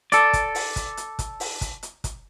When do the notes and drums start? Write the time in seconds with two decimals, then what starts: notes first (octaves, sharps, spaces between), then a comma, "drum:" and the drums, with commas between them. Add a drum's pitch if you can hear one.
0.12 A4 D5, drum: hi-hat
0.33 drum: kick, hi-hat
0.55 drum: open hi-hat
0.76 drum: kick, hi-hat
0.97 drum: hi-hat
1.19 drum: kick, hi-hat
1.40 drum: open hi-hat
1.61 drum: kick, hi-hat
1.83 drum: hi-hat
2.04 drum: kick, hi-hat